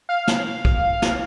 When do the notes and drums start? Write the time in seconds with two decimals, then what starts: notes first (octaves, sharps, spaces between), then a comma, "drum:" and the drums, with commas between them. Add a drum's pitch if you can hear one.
0.09 F5
0.28 drum: snare
0.65 drum: kick
1.02 drum: snare